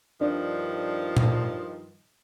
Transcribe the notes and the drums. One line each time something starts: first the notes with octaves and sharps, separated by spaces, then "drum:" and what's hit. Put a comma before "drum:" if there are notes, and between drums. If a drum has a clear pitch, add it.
G2 D#3 F3 D4
drum: tom A#2